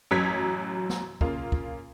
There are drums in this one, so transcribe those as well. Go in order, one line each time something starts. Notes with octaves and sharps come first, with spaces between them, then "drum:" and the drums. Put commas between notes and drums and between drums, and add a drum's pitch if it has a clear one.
A1 F#2 F#3 A#5 G#6 B6
drum: snare
C#3 A#3 F4, drum: kick
drum: kick